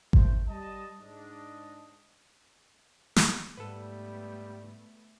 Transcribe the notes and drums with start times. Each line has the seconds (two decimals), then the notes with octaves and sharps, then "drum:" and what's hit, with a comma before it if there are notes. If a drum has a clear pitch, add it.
0.13 D#3 A3 C5 G5, drum: kick G#1
0.48 G3 D#5 A5
1.00 G#2 D4 D#5
3.16 drum: snare
3.57 G#2 G3 A3 B3 A4 B4